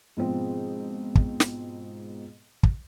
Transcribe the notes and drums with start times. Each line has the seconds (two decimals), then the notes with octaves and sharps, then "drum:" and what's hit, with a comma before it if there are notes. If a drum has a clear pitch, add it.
0.17 G#2 B2 F3 G#3 C4
1.15 drum: kick
1.40 drum: snare
2.63 drum: kick